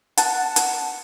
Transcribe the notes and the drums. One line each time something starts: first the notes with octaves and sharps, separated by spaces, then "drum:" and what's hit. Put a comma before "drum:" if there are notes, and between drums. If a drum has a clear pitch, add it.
F#5 A5, drum: hi-hat
drum: hi-hat